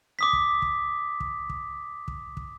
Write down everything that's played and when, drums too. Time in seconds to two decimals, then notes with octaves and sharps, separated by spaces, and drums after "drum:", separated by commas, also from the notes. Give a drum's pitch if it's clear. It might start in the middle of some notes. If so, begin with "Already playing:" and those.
0.19 D6 D#6 B6
0.33 drum: kick
0.62 drum: kick
1.20 drum: kick
1.50 drum: kick
2.08 drum: kick
2.37 drum: kick